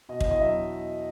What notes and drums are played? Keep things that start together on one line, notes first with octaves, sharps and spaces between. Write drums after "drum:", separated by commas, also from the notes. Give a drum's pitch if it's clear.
B2 D#5
D#5, drum: kick
E2
D#5
F#3 E5